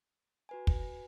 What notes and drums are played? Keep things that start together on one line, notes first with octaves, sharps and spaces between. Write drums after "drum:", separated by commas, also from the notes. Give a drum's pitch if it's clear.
F#4 B4 G#5
drum: kick